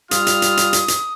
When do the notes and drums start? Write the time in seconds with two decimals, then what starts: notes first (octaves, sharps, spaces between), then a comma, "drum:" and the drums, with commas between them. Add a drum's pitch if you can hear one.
0.11 G3 F4 D#6 F6, drum: hi-hat
0.27 drum: hi-hat
0.42 drum: hi-hat
0.57 drum: hi-hat
0.73 drum: hi-hat
0.88 drum: hi-hat